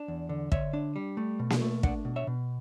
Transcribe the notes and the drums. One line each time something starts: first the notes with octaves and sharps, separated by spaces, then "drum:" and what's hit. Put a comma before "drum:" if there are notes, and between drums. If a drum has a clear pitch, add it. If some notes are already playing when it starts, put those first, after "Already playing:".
Already playing: D4
E2
D3
D3 C#5 E5, drum: kick
D4
G3
A3
B2
drum: snare A#3
A3
D4 D5 F#5, drum: kick
B2
C#5 E5
B2